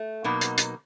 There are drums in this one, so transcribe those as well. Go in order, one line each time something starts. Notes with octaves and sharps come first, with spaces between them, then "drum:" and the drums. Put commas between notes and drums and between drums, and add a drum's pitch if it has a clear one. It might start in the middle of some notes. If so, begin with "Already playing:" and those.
Already playing: A3
B2 F#3 A#3 D#4
drum: hi-hat
drum: hi-hat